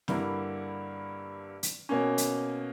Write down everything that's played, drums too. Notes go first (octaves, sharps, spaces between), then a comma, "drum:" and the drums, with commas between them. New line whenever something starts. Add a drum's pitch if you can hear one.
G2 D3 A#3 E4 A#4, drum: snare
drum: hi-hat
B2 A#3 C#4
drum: hi-hat